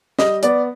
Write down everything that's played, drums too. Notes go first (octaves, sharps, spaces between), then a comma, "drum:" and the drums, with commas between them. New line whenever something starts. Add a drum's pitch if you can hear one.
G3 D#5, drum: snare
B3 D5, drum: hi-hat